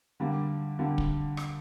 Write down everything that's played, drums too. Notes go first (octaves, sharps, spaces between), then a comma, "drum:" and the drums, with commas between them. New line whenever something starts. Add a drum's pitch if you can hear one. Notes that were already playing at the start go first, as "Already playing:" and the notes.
D3 G3 A#3
D3 G3 A#3
drum: kick
drum: rim click